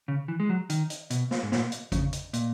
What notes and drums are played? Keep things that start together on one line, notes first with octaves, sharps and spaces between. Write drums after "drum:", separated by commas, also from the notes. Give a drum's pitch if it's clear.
C#3
E3
G#3
F#3
D#3, drum: hi-hat
drum: hi-hat
B2, drum: hi-hat
drum: snare
G#2
A#2, drum: snare
drum: hi-hat
C#3, drum: kick, hi-hat
drum: hi-hat
A#2, drum: hi-hat